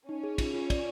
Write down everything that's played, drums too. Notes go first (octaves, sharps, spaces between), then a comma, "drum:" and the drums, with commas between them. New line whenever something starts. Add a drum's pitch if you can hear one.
C#4 D#4
G#4
F4, drum: kick, cymbal
F4
D5, drum: kick, cymbal